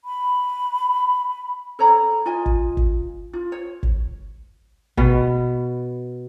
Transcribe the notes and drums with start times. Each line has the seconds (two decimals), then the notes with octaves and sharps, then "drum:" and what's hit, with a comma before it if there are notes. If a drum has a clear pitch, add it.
0.05 B5
1.79 A4 C#5 A#5 B5
2.26 F4 D#5 G#5
2.46 drum: kick
2.77 drum: kick
3.33 F4
3.52 C#5
3.83 drum: kick
4.97 B2 B3, drum: kick